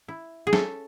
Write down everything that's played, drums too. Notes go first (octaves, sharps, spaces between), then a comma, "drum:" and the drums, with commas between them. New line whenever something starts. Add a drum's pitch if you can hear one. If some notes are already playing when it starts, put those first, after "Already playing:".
E4
G#4
C#4 A4, drum: snare